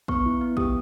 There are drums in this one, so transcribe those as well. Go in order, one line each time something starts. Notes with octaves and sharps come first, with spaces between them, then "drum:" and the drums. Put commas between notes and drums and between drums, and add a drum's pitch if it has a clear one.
B3 C#6, drum: kick
E4
B3
G4 D#6, drum: kick